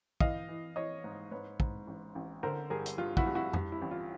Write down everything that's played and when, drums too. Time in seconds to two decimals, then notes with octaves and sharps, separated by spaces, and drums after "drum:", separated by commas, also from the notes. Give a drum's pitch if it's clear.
0.20 E3 D#5 F5, drum: kick
0.49 E3
0.76 E3 C#5 D#5
1.04 G#2
1.31 G#2 B4 C#5
1.60 G#2, drum: kick
1.87 A1
2.15 A1
2.43 D3 A#4 C5
2.70 G2 G#4 A#4
2.86 drum: hi-hat
2.98 G2 F4
3.17 E4 F#4, drum: kick
3.26 G2
3.35 E4 F#4
3.53 G2, drum: tom F2
3.72 E4
3.82 A1
3.91 F4